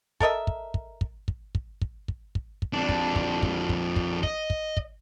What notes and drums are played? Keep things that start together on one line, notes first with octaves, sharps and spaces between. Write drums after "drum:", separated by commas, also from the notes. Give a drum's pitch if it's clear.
A4 A#4 D#5 E5, drum: kick
drum: kick
drum: kick
drum: kick
drum: kick
drum: kick
drum: kick
drum: kick
drum: kick
drum: kick
F2 D4
drum: kick
drum: kick
drum: kick
drum: kick
drum: kick
D#5, drum: kick
drum: kick
drum: kick